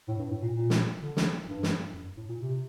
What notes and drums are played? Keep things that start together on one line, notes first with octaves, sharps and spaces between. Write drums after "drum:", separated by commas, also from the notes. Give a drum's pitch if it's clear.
A2
G2
A2
A#2
A#2
drum: snare
D3
drum: snare
G2
drum: snare
F#2
A2
A#2
C3